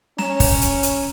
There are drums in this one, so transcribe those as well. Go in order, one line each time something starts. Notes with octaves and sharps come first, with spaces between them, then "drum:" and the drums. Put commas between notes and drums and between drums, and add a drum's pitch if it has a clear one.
C#4 A#5 E7, drum: snare
drum: kick, open hi-hat
drum: hi-hat
drum: hi-hat